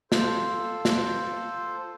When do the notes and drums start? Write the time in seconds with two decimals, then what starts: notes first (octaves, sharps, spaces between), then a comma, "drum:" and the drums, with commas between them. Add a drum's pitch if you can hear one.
0.12 F4 A4 C5, drum: snare
0.85 drum: snare